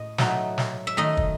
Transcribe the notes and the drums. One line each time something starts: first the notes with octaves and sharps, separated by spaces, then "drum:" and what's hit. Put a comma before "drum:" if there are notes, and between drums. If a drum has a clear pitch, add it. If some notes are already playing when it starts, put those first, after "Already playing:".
Already playing: A2 D#5
F#3 A3 D#4, drum: snare
drum: snare
E5
D#3 A3 D#4 D#5
drum: kick